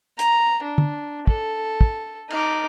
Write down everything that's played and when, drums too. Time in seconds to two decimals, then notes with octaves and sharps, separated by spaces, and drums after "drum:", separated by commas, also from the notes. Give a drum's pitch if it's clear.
0.19 A#5, drum: hi-hat
0.64 D4
0.78 drum: tom
1.27 A4, drum: kick
1.81 drum: kick
2.30 D#4 D6, drum: cymbal